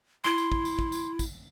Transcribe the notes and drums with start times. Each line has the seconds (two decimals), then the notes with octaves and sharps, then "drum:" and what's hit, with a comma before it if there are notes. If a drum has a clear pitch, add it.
0.24 E4 C6
0.38 drum: tambourine
0.52 drum: kick
0.65 drum: tambourine
0.79 drum: kick
0.92 drum: tambourine
1.19 drum: kick, tambourine